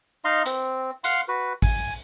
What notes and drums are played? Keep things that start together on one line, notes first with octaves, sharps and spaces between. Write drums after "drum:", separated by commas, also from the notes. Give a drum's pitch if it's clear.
D#4 D#5 F5 C6
C4, drum: hi-hat
F5 F#5 C6, drum: hi-hat
F#4 B4
G#5, drum: kick G#1, open hi-hat